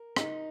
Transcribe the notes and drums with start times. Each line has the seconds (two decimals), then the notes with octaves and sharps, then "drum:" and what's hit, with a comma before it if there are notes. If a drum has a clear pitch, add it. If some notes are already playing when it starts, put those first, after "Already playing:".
Already playing: A#4
0.16 D#4, drum: rim click